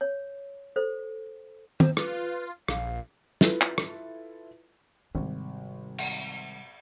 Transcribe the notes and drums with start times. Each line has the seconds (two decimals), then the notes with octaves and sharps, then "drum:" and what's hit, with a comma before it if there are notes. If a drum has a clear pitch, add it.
0.01 C#5
0.76 A4 C5
1.80 C5, drum: tom
1.97 F4 B4, drum: rim click
2.68 A#1 F5, drum: rim click
3.41 E4 F4 A4 B4, drum: snare
3.61 drum: clap
3.78 drum: rim click
5.15 G#1 C3 G3
5.98 drum: cymbal